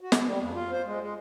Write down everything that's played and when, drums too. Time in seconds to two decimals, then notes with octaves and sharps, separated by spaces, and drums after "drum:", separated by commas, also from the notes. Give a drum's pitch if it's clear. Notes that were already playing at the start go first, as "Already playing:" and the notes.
0.01 F#4
0.12 drum: snare
0.28 G3
0.41 F2
0.54 F4
0.72 C5
0.86 G#3
1.01 G#3